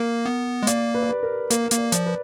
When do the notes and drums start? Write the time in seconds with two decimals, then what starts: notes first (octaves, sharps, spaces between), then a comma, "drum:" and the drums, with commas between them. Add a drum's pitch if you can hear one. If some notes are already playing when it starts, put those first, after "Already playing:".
Already playing: A#3 A#4
0.26 B3
0.63 G#3
0.67 A#3 D5, drum: hi-hat
0.94 B4
1.03 D5
1.09 B4
1.23 A#4
1.50 A#3 A#4, drum: hi-hat
1.71 A#3, drum: hi-hat
1.78 D5
1.92 F3 D5, drum: hi-hat
2.06 B4